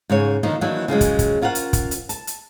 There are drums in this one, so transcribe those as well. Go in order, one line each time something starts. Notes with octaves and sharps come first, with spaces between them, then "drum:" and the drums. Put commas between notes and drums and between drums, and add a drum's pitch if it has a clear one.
G#2 C#3 C#5
D3 D#3 F3 A#3 D#4
D#3 E3 F#3 A#3 D4
C#3 F3 F#3 G#3
drum: kick, hi-hat
drum: kick, hi-hat
C#4 F4 A#4 C5 F#5
drum: hi-hat
drum: kick, hi-hat
drum: hi-hat
A5, drum: hi-hat
drum: hi-hat